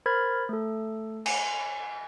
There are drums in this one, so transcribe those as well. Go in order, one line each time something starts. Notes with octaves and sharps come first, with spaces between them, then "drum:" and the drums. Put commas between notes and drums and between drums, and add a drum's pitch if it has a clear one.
A#4 C5 B5 F6 G#6 A6
A3 A4
G#5, drum: cymbal